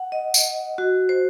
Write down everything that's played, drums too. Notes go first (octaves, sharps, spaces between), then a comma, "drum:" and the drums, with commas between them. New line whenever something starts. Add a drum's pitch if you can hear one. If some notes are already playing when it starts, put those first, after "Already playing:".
Already playing: F#5
D#5
drum: tambourine
F#4
C5